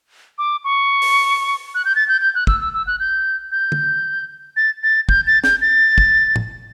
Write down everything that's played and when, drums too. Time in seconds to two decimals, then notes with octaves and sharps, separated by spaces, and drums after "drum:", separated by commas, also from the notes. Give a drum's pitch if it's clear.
0.38 D6
0.64 C#6
1.02 drum: open hi-hat
1.75 F#6
1.85 G6
1.96 A6
2.08 G6
2.21 G6
2.35 F#6
2.47 E6, drum: kick
2.60 E6
2.73 E6
2.87 F#6
3.00 G6
3.51 G6
3.72 drum: tom
4.57 A6
4.83 A6
5.09 G6, drum: kick
5.27 A6
5.44 G6, drum: snare
5.61 A6
5.98 drum: kick
6.36 drum: tom